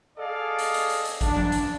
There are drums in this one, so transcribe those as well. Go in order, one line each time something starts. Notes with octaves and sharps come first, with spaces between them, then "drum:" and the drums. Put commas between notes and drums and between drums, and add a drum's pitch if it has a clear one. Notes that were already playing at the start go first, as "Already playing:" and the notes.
G#4 A4 D5 D#5 F5
drum: hi-hat
drum: hi-hat
drum: hi-hat
drum: hi-hat
D4, drum: kick A1, hi-hat
drum: tom F3
drum: hi-hat